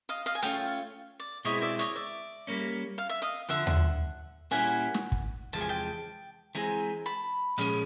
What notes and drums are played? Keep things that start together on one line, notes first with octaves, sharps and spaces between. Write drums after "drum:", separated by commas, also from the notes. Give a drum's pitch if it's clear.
D#5 F5
D#5 F5
G#5
A3 C#4 F4 F5 G5, drum: hi-hat
D5
B2 G#3 C4 E4 C#5 D#5
D5 E5
C#5 D#5, drum: hi-hat
D5 E5
G3 A#3 C#4
F5
E5
D#5 F5
F2 D3 F3 E5 F#5
drum: tom D#2
A#2 G3 A#3 C#4 E4 F#5 G#5
drum: snare
drum: kick
E2 C3 F3 G#3 A5
G#5
G5 A5
E3 G#3 C4 G#5 A#5
A5 B5
A#2 F3 G#3 C#4, drum: hi-hat